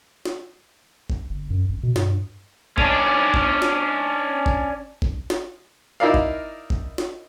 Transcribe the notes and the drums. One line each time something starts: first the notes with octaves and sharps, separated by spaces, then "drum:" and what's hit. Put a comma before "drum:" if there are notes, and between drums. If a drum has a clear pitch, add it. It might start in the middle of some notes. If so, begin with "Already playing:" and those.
drum: snare
drum: kick G1
G1
F#2
G#1
B2
G2, drum: snare
C#4 D4, drum: kick G1
drum: kick G1
drum: snare
drum: kick G1
drum: kick G1
drum: snare
D#4 E4 A#4 D5 F5
drum: kick G1
drum: kick G1
drum: snare